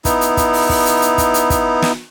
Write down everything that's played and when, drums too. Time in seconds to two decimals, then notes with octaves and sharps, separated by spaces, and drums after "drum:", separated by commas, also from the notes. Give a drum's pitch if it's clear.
0.05 B3 D#4 E4, drum: kick, hi-hat
0.21 drum: hi-hat
0.37 drum: kick, hi-hat
0.53 drum: open hi-hat
0.69 drum: kick, open hi-hat
0.86 drum: hi-hat
1.02 drum: hi-hat
1.18 drum: kick, hi-hat
1.34 drum: hi-hat
1.50 drum: kick, hi-hat
1.82 drum: snare